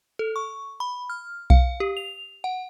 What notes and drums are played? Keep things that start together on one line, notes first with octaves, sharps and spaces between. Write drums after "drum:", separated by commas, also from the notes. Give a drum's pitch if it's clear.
A4
C#6
B5
F6
F5, drum: kick B1
G4
F7
F#5